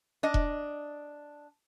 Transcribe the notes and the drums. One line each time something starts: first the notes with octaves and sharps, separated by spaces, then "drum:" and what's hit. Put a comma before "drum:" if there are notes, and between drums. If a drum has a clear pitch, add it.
D4 D#5
drum: kick E1